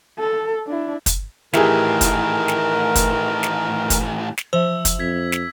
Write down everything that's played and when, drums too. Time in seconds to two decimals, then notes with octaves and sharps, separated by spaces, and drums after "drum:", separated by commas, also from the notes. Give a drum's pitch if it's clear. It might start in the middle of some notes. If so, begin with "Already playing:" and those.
0.19 A4
0.67 D4 E4
1.06 drum: kick, hi-hat
1.53 A2 D#3 E3 E4 G4 G#4 A#4, drum: snare
2.01 drum: kick, hi-hat
2.48 drum: snare
2.95 drum: kick, hi-hat
3.43 drum: snare
3.90 drum: kick, hi-hat
4.38 drum: snare
4.53 F3 C5 E5 E6
4.85 drum: kick, hi-hat
5.00 F2 G#6 B6
5.32 drum: snare